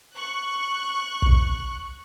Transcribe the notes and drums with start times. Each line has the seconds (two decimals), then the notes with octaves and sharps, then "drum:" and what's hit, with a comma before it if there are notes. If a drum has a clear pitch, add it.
0.16 C#6 F#6
1.22 drum: kick